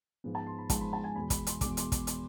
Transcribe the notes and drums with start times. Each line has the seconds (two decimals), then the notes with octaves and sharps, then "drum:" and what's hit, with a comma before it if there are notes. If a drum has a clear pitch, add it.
0.24 G#2 F3 G#3 B3
0.35 A5
0.46 C6
0.58 B5
0.70 G#2 F3 G#3 B3 A5, drum: kick, hi-hat
0.81 B5
0.93 A5
1.04 G#5
1.15 E2 B2 G#3 B5
1.30 B5, drum: kick, hi-hat
1.47 C6, drum: hi-hat
1.61 E2 B2 G#3 D6, drum: kick, hi-hat
1.77 C6, drum: hi-hat
1.92 drum: kick, hi-hat
2.07 drum: hi-hat